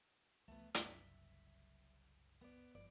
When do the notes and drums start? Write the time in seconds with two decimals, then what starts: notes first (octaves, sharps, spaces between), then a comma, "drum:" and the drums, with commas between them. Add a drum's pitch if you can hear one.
0.48 C2 E3 F3 A3 B3
0.74 F#1 C2 F#2 E5, drum: hi-hat
2.41 B3 D5
2.75 G1 G2 F3 D5